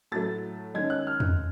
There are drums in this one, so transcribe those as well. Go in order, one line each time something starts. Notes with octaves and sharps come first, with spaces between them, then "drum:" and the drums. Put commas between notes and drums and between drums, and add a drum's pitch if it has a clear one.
A2 F#3 A3 A6
D#3 G#3 C#4 G#6
F#6
F6
drum: tom E2